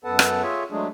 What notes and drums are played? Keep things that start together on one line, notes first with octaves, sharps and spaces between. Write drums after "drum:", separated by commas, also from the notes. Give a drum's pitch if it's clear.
F#2 B3 A4 B4 F#5 A5
drum: rim click
F4 G#4 C#5 E5
F#3 G#3 A3 D4 G#4